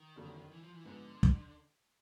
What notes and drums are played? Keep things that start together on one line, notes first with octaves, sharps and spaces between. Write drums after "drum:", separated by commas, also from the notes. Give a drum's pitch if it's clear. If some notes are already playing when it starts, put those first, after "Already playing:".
Already playing: D#3
F1 D#2 D3 F#3
E3
F3
E3
G#2 D3 F3 G#3 B3
drum: kick